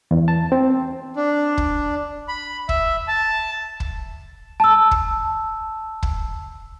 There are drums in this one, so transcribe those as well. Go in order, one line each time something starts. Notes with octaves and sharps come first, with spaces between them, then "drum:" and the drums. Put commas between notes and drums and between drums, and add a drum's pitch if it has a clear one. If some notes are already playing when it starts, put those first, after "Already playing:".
E2
A5
C4
D4
drum: kick
B5
E5, drum: kick
A5
drum: kick
A5 E6
drum: kick
drum: kick